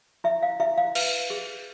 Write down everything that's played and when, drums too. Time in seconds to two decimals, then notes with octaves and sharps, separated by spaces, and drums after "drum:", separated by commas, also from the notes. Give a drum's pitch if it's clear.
0.24 E4 E5
0.43 F5
0.60 E4 E5
0.78 F5
0.95 B4, drum: cymbal
1.30 G#4